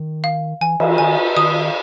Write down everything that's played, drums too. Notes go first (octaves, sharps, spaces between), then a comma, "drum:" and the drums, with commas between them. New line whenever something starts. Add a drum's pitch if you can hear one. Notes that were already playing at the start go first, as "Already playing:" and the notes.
Already playing: D#3
F5
E3 G#5
E3, drum: cymbal
D#3 G#5
D#3 D#6